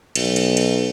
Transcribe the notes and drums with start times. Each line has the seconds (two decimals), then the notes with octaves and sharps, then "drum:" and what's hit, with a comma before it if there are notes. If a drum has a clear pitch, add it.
0.16 B1, drum: cymbal
0.36 drum: cymbal
0.57 drum: cymbal